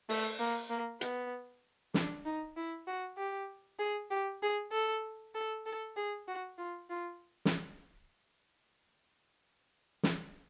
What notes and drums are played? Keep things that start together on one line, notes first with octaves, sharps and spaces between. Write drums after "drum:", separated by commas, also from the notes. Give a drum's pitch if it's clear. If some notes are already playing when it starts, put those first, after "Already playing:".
A3, drum: open hi-hat
A#3
A#3
B3, drum: hi-hat
D4, drum: snare
D#4
E4
F#4
G4
G#4
G4
G#4
A4
A4
A4
G#4
F#4
F4
F4
drum: snare
drum: snare